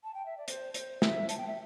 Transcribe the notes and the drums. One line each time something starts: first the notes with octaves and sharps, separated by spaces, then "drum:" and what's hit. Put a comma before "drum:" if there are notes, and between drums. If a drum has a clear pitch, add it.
A5
G5
E5
D5
C5, drum: hi-hat
C5, drum: hi-hat
E5, drum: snare
A5, drum: hi-hat
G5
E5